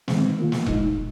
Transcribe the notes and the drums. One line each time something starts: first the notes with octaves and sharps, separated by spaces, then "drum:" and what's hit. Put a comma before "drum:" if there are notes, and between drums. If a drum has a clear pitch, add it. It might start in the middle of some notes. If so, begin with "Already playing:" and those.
D#3 G#3 C4, drum: snare
D#3 A#3 F4
drum: snare
A#2 G#3 D#4, drum: kick E1